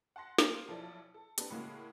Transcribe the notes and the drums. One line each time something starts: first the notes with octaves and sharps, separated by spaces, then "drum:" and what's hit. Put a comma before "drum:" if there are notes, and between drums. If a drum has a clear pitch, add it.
F#5 A5 C6 A#6
A#3 A#4 C5, drum: snare
B1 F3 E4 A4 D5
A4
B3 C4 D4 G4 A4 B4, drum: hi-hat
A2 C#3 G#3 A#3 F#4